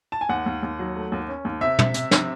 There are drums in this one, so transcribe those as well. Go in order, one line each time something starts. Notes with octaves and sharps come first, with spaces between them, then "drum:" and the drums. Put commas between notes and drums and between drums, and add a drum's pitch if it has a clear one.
A5
G#5
D#2 F#5
D#2
D#2
F#3
A3
D#2
C#4
D#2
C3 E5
C3, drum: tom
C3, drum: hi-hat
C3, drum: snare